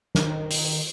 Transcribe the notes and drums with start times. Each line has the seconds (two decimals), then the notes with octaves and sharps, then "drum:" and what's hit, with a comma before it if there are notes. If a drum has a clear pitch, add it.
0.15 D#3, drum: snare
0.51 drum: open hi-hat